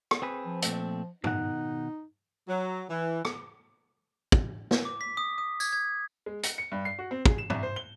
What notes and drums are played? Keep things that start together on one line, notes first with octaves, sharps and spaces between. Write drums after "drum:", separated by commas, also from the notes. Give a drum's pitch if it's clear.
drum: rim click
C4 G#4 B4
F3
A#2 A3 C4, drum: hi-hat
B2 D#3 D#4 F#5, drum: tom G2
F#3
E3
drum: rim click
drum: kick
drum: snare
D6
B6
D#6
D#6
G#6, drum: tambourine
G#6
G#3
C#7, drum: hi-hat
C#7
G2
C7
F#4
C4
G#4, drum: kick
E7
C2, drum: tom G2
C5
G7